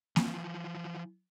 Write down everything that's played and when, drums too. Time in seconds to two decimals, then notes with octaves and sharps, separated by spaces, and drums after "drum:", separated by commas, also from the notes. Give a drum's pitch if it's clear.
0.16 E3 F3, drum: snare A#3